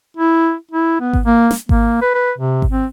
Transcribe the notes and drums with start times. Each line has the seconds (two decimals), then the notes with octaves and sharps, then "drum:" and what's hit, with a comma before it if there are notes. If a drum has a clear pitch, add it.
0.17 E4
0.71 E4
1.00 B3
1.13 drum: kick G#1
1.26 A#3
1.51 drum: snare
1.69 A#3, drum: kick G#1
2.02 B4
2.14 B4
2.38 C3
2.62 drum: kick G#1
2.71 C4